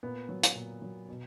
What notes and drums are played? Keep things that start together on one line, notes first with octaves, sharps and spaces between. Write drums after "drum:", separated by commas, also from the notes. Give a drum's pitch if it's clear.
A#2 B3
F#3
drum: hi-hat
A#2
F#3
B2